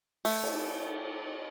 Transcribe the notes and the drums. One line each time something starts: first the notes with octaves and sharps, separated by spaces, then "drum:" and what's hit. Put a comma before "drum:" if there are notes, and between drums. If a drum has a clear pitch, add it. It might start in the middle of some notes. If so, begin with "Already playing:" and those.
A3, drum: open hi-hat
drum: cymbal